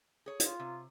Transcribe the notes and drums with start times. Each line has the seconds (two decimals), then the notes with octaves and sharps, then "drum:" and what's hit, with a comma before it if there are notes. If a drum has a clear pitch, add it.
0.26 G#4 C#5
0.40 F4, drum: hi-hat
0.60 C3